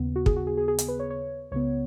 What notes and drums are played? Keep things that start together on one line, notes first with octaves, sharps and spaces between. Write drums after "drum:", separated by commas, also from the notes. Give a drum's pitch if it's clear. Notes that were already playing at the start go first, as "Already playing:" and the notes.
Already playing: D#2 C#3 B3
F#4
G#4, drum: kick
F#4
G#4
G#4
G#4
G#4, drum: hi-hat
B4
C#5
C#5
C#2 C#3 B3 C#5